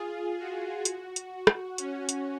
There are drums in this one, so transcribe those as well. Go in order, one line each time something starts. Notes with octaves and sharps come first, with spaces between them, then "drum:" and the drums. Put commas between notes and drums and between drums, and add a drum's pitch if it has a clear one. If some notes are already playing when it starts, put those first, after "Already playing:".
Already playing: F4 G#4
F#4
drum: hi-hat
drum: hi-hat
drum: rim click
C#4, drum: hi-hat
drum: hi-hat